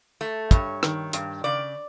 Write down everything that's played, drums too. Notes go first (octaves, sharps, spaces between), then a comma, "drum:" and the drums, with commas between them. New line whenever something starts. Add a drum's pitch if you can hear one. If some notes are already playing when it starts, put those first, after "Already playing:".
A3
G2 C#5, drum: kick, hi-hat
D#3, drum: rim click
G2, drum: hi-hat
C#3 D5